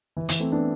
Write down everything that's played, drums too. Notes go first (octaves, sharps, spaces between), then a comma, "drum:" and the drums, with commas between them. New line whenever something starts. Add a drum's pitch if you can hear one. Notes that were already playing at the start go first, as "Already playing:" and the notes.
E3
E3, drum: hi-hat
A3 C4
B3 D4